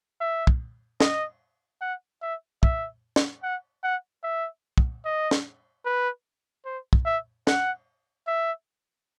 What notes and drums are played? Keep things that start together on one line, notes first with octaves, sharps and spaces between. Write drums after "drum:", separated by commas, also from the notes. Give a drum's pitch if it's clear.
E5
drum: kick
D#5, drum: snare
F#5
E5
E5, drum: kick
drum: snare
F#5
F#5
E5
drum: kick
D#5
drum: snare
B4
C5
drum: kick
E5
F#5, drum: snare
E5